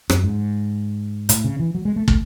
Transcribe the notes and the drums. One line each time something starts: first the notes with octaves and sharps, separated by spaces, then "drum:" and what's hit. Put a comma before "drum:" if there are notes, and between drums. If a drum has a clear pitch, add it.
F#2, drum: rim click
G#2
A2, drum: hi-hat
C#3
E3
F#3
G#3
A3
A3, drum: kick